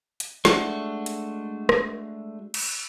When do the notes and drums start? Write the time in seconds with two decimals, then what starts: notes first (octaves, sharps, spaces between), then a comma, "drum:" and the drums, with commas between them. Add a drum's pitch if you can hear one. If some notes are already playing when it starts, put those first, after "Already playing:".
0.20 drum: hi-hat
0.45 G#3 A3 D4 F#4, drum: snare
1.06 drum: hi-hat
1.69 drum: rim click
2.54 drum: cymbal